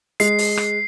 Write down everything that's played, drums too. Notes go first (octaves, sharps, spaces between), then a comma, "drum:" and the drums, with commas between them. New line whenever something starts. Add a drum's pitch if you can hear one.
G#3 C7, drum: hi-hat
drum: open hi-hat
drum: rim click